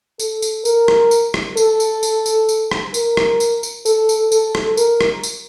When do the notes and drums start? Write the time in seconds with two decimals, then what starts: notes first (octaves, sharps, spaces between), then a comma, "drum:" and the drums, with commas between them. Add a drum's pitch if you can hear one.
0.19 A4, drum: tambourine
0.42 drum: tambourine
0.65 A#4, drum: tambourine
0.88 drum: rim click
1.11 drum: tambourine
1.34 drum: rim click
1.57 A4, drum: tambourine
1.80 drum: tambourine
2.03 drum: tambourine
2.26 drum: tambourine
2.49 drum: tambourine
2.71 drum: rim click
2.94 A#4, drum: tambourine
3.17 drum: rim click
3.40 drum: tambourine
3.63 drum: tambourine
3.86 A4, drum: tambourine
4.09 drum: tambourine
4.32 A4, drum: tambourine
4.55 drum: rim click
4.77 A#4, drum: tambourine
5.01 drum: rim click
5.23 drum: tambourine